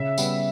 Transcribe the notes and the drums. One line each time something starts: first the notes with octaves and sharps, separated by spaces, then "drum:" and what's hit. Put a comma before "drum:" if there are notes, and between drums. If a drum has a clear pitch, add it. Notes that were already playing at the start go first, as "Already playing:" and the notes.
Already playing: C#3 E5
G3 B3, drum: tambourine